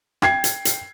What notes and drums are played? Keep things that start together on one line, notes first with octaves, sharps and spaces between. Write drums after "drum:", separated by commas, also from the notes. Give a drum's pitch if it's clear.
G5 G#6 C7, drum: rim click
drum: hi-hat
drum: hi-hat